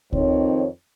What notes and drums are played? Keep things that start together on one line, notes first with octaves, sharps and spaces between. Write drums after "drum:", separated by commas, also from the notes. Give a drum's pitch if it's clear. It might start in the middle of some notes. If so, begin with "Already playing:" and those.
F2 D#3 C4 D#4 C#5, drum: kick C#2